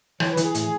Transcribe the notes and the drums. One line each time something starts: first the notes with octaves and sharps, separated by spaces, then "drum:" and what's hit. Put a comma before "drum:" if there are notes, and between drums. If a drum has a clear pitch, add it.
E3 C#5, drum: rim click
B4
E3, drum: hi-hat
G#4
A2, drum: hi-hat